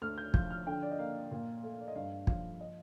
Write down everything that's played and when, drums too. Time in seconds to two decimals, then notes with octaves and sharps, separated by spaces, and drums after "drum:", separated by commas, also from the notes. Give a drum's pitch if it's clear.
0.02 D2 F6
0.18 G6
0.34 F3 G6, drum: kick
0.50 F6
0.67 D3 G5
0.83 D5
0.91 D#5
0.99 A#3 F5
1.31 A#2
1.63 A3
1.81 D5
1.88 D#5
1.96 G2 F5
2.27 F3 F5, drum: kick
2.61 D#5